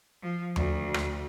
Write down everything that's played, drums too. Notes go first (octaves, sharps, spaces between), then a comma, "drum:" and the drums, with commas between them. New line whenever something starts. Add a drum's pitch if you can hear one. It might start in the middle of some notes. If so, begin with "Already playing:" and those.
F3
D2, drum: tom D#2
drum: rim click